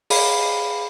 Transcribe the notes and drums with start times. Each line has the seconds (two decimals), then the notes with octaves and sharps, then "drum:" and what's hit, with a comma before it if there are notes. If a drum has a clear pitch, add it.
0.10 G#4 F5 B5, drum: open hi-hat